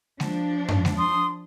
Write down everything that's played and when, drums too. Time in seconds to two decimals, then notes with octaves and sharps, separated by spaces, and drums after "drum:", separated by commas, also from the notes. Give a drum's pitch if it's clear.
0.20 F3 D4, drum: snare G#3
0.69 drum: tom F#2
0.85 drum: snare G#3
0.97 C6 D#6